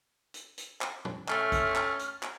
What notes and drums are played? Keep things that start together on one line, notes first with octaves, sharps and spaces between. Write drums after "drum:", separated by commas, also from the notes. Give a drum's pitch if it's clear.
drum: hi-hat
drum: hi-hat
drum: clap
drum: tom A#2
A3 C#4 F6, drum: clap
drum: kick A1, hi-hat
drum: clap
drum: hi-hat
drum: clap